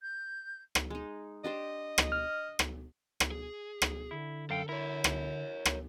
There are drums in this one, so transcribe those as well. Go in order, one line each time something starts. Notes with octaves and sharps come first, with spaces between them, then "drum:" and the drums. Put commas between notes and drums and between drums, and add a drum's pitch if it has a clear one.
G6
drum: rim click
G#3 D#4
D4 G4 C5 D#5
drum: rim click
F6
drum: rim click
drum: rim click
G#4
drum: rim click
D3 E4
F#2 A4 F5 G5
E4 A#4 C#5
drum: rim click
drum: rim click